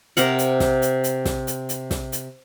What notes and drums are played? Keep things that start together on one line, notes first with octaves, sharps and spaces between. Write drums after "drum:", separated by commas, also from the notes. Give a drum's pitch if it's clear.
C3 A#4 F#5, drum: hi-hat
drum: hi-hat
drum: snare
drum: hi-hat
drum: hi-hat
drum: snare
drum: hi-hat
drum: hi-hat
drum: snare
drum: hi-hat